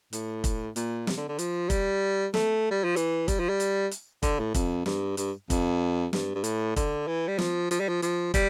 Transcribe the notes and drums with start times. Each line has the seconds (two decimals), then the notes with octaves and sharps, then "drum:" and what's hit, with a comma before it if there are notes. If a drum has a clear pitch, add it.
0.13 A2, drum: hi-hat
0.44 drum: kick, hi-hat
0.76 A#2, drum: hi-hat
1.07 C3, drum: snare
1.17 D3
1.29 D3
1.39 F3, drum: hi-hat
1.70 G3, drum: kick, hi-hat
2.34 A3, drum: snare
2.71 G3
2.84 F3
2.96 E3, drum: hi-hat
3.28 G3, drum: kick, hi-hat
3.39 F3
3.49 G3
3.60 drum: hi-hat
3.91 drum: hi-hat
4.23 D3, drum: kick, hi-hat
4.39 A2
4.54 F2, drum: kick, hi-hat
4.86 G2, drum: snare
5.17 G2, drum: hi-hat
5.50 F2, drum: kick, hi-hat
6.13 G2, drum: snare
6.35 G2
6.44 A2, drum: hi-hat
6.76 D3, drum: kick, hi-hat
7.07 E3
7.28 G3
7.38 F3, drum: snare
7.71 F3, drum: hi-hat
7.80 G3
7.89 F3
8.02 F3, drum: hi-hat
8.34 G3, drum: kick, hi-hat